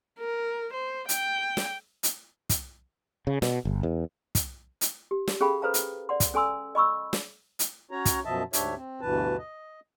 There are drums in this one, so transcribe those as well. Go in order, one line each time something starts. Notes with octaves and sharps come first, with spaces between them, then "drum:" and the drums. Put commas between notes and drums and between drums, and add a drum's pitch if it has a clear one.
A#4
C5
G5, drum: hi-hat
drum: snare
drum: hi-hat
drum: kick, hi-hat
C#3
B2, drum: snare
G1
E2
drum: kick, hi-hat
drum: hi-hat
G4
drum: snare
C#4 G#4 A4 F5 G5 B5
A4 B4 C5 F5 A#5
drum: hi-hat
D5 F#5 C6
drum: kick, hi-hat
C#4 A4 G#5 C6 E6
D#5 B5 C#6 E6
drum: snare
drum: hi-hat
C#4 F#4 C#5 A#5
drum: kick, hi-hat
F#2 B2 F3 D#5 E5 A5
D2 G#2 D4 G4 C#5 E5, drum: hi-hat
C4
D2 G2 B2 E3 B4 A5
D#5